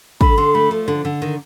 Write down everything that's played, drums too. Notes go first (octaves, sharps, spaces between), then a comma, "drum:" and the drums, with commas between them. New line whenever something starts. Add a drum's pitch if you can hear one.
D3 B5, drum: kick
D3 C6
A3 B5
F3
D3
D3
D#3